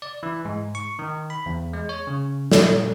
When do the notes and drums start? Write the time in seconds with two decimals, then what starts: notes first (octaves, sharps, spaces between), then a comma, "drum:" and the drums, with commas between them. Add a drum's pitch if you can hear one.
0.02 D5
0.23 E3
0.45 G#2
0.75 C#6
0.99 D#3
1.30 B5
1.46 E2
1.73 G#3
1.89 C#5
2.07 C#3
2.52 A#2, drum: snare